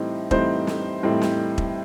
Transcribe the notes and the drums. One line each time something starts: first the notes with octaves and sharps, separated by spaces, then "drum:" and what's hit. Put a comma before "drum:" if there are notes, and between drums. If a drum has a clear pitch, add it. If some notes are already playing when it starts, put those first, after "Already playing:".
Already playing: A2 E3 G3 C4 D#4
A2 E3 G3 C4 D#4 C5, drum: kick E1
drum: snare
A2 E3 G3 C4 D#4
drum: snare
drum: kick E1